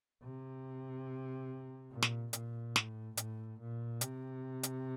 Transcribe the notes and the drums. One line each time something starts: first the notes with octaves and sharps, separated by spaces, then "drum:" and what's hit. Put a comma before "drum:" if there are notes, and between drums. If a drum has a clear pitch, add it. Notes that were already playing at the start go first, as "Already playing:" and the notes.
C3
A#2
drum: snare
A#2, drum: hi-hat
A2, drum: snare
A2, drum: hi-hat
A#2
C3, drum: hi-hat
drum: hi-hat